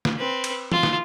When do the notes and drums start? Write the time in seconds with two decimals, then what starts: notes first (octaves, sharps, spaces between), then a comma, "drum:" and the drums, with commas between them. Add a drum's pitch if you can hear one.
0.05 drum: snare
0.17 C4 B4
0.44 drum: cymbal
0.72 F4, drum: tom E3
0.83 drum: snare